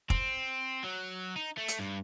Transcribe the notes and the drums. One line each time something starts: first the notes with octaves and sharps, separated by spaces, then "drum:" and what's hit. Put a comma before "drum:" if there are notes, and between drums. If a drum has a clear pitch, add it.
C4, drum: kick
F#3
D#4
A3
drum: hi-hat
G2